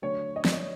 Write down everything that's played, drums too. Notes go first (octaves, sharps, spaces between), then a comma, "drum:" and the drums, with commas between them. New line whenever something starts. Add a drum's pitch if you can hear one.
D3 F#3 A3 C#5
D#5
D5, drum: snare
D#5